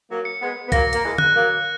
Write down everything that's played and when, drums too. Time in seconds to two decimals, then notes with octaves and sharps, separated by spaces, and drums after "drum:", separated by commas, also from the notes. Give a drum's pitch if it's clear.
0.09 F#3 A#3
0.25 C#7
0.40 G#3 B3
0.66 B3
0.72 F#3 A#3 A#6, drum: kick C2, hi-hat
0.93 A#3, drum: hi-hat
1.03 E3 G#3
1.18 F#6, drum: tom
1.35 F#3 A#3